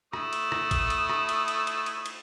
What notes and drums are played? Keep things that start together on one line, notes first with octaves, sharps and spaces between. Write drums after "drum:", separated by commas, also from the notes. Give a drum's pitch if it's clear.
A3 E4 D#6, drum: rim click
drum: cymbal
drum: rim click
drum: kick, cymbal
drum: cymbal
drum: rim click
drum: cymbal
drum: cymbal
drum: cymbal
drum: cymbal
drum: cymbal